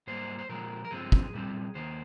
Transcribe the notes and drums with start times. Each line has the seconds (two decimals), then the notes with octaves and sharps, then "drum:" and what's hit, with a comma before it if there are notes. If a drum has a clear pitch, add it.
0.07 G#2 G3 A#3 C5
0.39 C5
0.49 A#2 F3 G#3 A#4
0.84 A#4
0.91 G2 F3 G#3 C4 G#4
1.12 drum: kick
1.33 A#2 G3 C4
1.75 D#2 D#3 A#3 C5